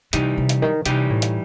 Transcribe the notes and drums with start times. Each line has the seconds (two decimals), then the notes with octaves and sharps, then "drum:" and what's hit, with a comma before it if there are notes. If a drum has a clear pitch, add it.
0.13 C3 E3 G3 D#4 G4, drum: hi-hat
0.38 C3
0.49 drum: hi-hat
0.62 D#3
0.86 C3 E3 G3 D#4 G4, drum: hi-hat
1.10 A2
1.22 drum: hi-hat